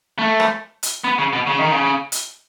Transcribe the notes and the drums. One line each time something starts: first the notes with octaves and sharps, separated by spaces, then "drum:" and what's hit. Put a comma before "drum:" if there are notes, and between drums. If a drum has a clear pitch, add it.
A3
drum: rim click
drum: hi-hat
B3
C#3
B2
C#3
D#3
C#3
drum: hi-hat